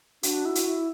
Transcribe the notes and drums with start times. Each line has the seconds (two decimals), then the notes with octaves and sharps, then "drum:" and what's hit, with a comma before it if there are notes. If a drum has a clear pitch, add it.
0.23 D4 F#4, drum: hi-hat
0.45 E4
0.55 drum: hi-hat
0.66 E4